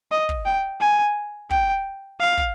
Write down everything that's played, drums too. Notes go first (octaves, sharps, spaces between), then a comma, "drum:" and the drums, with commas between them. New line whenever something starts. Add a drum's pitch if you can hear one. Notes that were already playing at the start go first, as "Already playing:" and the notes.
D#5
drum: kick
G5
G#5
G5, drum: kick
F5
drum: kick